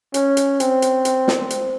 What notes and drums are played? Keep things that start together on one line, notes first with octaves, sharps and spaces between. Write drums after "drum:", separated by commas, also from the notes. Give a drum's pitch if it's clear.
C#4, drum: hi-hat
drum: hi-hat
C4, drum: hi-hat
drum: hi-hat
drum: hi-hat
drum: snare
drum: hi-hat